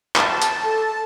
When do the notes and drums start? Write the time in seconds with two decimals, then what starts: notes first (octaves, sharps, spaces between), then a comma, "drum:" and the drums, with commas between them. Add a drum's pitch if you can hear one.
0.16 A5, drum: clap
0.42 drum: hi-hat
0.64 A4